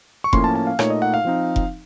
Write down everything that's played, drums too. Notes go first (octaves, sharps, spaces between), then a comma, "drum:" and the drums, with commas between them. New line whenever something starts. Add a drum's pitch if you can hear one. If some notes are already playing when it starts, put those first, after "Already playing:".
C#6
A2 F3 A#3 C#4 C6, drum: kick F1
A5
A5
F5
A#2 A3 D#4 C#5, drum: rim click
D#5
F#5
F5
F3 C4 D#4
drum: kick F1